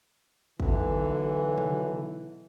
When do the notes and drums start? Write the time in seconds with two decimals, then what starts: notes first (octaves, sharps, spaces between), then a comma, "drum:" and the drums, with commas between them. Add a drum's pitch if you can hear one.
0.60 B1 D3 E3, drum: kick
1.58 drum: tom B2